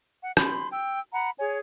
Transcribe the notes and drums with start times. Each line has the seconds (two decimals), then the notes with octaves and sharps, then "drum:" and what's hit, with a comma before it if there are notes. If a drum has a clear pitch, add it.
0.22 F#5
0.37 B5 C6, drum: rim click
0.71 G5 E6
1.12 F#5 A#5 B5
1.38 G#4 C#5 G#5